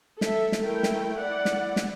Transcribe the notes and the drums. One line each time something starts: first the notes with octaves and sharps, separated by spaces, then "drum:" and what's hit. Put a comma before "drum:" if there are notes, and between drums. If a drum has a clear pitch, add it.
A4 E5, drum: snare
drum: snare
A3 E4 A#4 G5
drum: snare
E4 D5 F#5
drum: snare
drum: snare